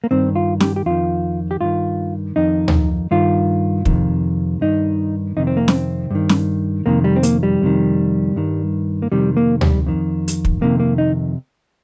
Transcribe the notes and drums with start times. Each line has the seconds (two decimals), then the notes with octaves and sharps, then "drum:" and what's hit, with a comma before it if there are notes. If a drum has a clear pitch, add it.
0.04 A#3
0.11 G2 D#3 C4
0.36 F4
0.60 G4, drum: snare
0.76 G4
0.86 F2 D#3 F4
1.51 G4
1.61 G2 D#3 F4
2.36 F2 D#3 D#4
2.68 drum: tom D2
3.11 G2 D#3 F4
3.85 F2 C3 D#3, drum: kick
4.61 G2 D#3 D#4
5.37 F2 C3 D#3 D#4
5.47 C4
5.57 A#3
5.68 C4, drum: snare
6.11 G2 D#3
6.29 drum: snare
6.86 F2 C3 D#3 A#3
7.04 G3
7.16 C4
7.23 A#3, drum: hi-hat
7.43 G3
7.62 F2 C3 D#3
8.36 G2 D#3
9.02 A#3
9.12 F2 C3 D#3 G3
9.37 A#3
9.61 G3, drum: tom D2
9.86 F2 D#3
10.28 drum: hi-hat
10.45 drum: kick
10.61 F2 C3 D#3 A#3
10.80 A#3
10.98 D#4